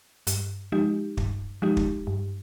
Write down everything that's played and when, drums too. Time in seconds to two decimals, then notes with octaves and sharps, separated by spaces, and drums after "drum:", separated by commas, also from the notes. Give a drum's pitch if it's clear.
0.27 G2, drum: hi-hat
0.72 F3 G#3 D#4 G4
1.17 G2, drum: kick
1.62 F3 G#3 D#4 G4
1.77 drum: kick
2.07 G2